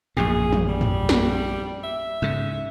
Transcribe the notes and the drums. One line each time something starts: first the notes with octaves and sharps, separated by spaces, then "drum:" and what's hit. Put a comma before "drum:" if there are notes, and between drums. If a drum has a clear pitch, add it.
A#1 F#2 A2 G#4
drum: tom
G3
drum: tom
drum: snare
E5
G#2 C#3